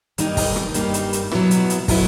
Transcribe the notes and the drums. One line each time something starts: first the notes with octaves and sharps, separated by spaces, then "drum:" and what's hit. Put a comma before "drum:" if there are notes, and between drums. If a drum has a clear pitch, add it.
G2 D#3 G3 A#3 D#4, drum: hi-hat
drum: kick, open hi-hat
drum: rim click
G2 D#3 G3 A#3 D#4, drum: hi-hat
drum: hi-hat
drum: hi-hat
B2 F#3 B3 E4, drum: rim click
drum: hi-hat
drum: hi-hat
B2 F#3 B3 E4, drum: kick, open hi-hat